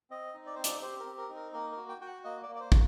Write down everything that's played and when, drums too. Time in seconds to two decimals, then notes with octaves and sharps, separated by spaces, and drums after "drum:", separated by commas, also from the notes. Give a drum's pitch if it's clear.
0.10 C4 D#5
0.34 D#4
0.46 D5
0.55 C4 C5
0.64 D5, drum: hi-hat
0.82 G4 C5
1.00 A#4
1.06 C4
1.18 A#4
1.29 D#4
1.35 A#4
1.53 A#3 A#4
1.72 A#4
1.77 F#4
1.89 G5
2.01 F#4 G5
2.06 F#5
2.24 A#3 D#5
2.43 D5
2.49 A#3
2.55 D5
2.60 C5
2.72 F#4, drum: kick